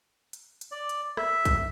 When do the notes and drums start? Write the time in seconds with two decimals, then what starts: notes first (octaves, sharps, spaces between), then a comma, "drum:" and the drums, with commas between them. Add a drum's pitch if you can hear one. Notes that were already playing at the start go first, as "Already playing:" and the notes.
0.33 drum: hi-hat
0.61 drum: hi-hat
0.72 D5
0.89 drum: hi-hat
1.17 E5, drum: rim click
1.45 drum: kick A#1, hi-hat